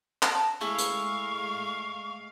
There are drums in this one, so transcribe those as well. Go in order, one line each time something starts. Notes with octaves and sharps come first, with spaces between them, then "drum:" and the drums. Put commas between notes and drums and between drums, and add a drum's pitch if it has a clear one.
A5 A#5, drum: clap
G#3 A3 E4 G#4 F5 C#6
drum: hi-hat